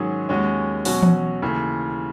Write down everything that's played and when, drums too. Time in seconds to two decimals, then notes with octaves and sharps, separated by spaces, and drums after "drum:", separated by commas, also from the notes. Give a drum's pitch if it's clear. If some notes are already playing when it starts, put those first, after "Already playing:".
Already playing: G#2 D#3 F#3 C#4 G#4
0.29 D#2 D#3 G#3 C#4 F#4
0.85 B2 F#3 C#4 F#4, drum: open hi-hat
1.03 drum: tom E3
1.42 D#2 C#3 E3 A3